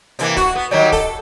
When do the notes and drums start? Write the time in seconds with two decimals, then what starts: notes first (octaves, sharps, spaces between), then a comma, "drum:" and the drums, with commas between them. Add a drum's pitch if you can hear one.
0.19 C3 E3 A#3, drum: hi-hat
0.37 F#4, drum: kick, hi-hat
0.55 B3
0.71 D#3 F#3 G3
0.92 A4, drum: kick, hi-hat